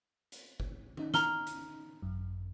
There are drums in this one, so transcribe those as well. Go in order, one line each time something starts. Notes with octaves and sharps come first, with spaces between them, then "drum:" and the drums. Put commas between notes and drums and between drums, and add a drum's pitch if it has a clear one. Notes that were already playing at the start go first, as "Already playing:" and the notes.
drum: hi-hat
drum: kick F#1
C#4 D#4, drum: tom D#3
A#5 F6 G7, drum: snare
drum: hi-hat
G#1 F#2